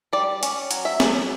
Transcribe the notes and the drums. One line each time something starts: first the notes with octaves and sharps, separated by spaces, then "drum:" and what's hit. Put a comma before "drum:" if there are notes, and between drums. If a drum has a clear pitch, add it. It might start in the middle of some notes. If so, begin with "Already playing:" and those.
G3 D5
C#4, drum: hi-hat
F#3, drum: hi-hat
E5
C#4, drum: snare